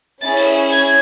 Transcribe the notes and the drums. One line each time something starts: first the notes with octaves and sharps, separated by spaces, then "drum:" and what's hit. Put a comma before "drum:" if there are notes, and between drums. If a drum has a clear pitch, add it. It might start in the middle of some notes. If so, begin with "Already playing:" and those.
C#4 E4 G#4 A6
drum: open hi-hat
G#6